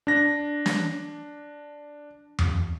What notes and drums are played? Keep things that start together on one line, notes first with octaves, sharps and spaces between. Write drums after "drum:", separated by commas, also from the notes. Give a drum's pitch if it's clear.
D4 A#6
drum: snare
drum: tom F2